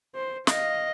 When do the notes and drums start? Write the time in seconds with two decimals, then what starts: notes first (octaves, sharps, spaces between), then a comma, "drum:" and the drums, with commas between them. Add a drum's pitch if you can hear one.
0.15 C5
0.47 D#5 F5, drum: snare